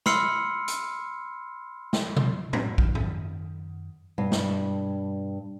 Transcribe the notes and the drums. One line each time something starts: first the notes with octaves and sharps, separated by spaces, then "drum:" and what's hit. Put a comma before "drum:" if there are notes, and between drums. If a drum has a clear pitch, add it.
B5 C6 E6 F6 C7 C#7, drum: snare
drum: hi-hat
drum: snare
drum: tom B2
drum: tom
F#2 D#3, drum: kick
drum: tom G#2
G2 B2
drum: snare